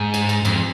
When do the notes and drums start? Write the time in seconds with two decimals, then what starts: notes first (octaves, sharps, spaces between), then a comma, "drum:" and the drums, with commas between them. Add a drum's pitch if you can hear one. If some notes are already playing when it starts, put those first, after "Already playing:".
Already playing: G#2
0.14 drum: cymbal
0.29 drum: cymbal
0.45 F2, drum: cymbal